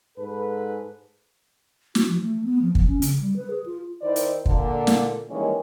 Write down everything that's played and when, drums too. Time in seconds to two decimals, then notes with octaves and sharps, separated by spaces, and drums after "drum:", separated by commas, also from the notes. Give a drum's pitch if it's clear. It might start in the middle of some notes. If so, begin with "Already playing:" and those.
0.18 G#2 A4 B4
1.95 F#4, drum: snare
2.08 F3
2.21 A3
2.44 B3
2.62 F3
2.75 F3, drum: kick
2.88 C#4
3.02 C#3, drum: hi-hat
3.21 G3
3.36 B4
3.50 G#4
3.66 F4
4.02 D#3 D#4 E4 C5 D5
4.16 drum: hi-hat
4.46 A#2 D3, drum: kick
4.87 drum: snare
5.29 D#3 E3 G3 G#3 A#3 C#4